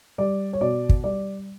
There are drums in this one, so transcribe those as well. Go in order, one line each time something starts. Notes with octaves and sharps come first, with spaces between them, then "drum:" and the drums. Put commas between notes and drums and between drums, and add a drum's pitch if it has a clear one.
G3 D5
C#5
B2 D5
drum: kick
G3 D5